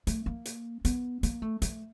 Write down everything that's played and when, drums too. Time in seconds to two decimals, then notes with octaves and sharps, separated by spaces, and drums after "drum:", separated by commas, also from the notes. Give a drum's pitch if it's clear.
0.07 A3, drum: hi-hat
0.26 A#3
0.45 drum: hi-hat
0.85 B3, drum: hi-hat
1.23 A#3, drum: hi-hat
1.42 A3
1.62 A3, drum: hi-hat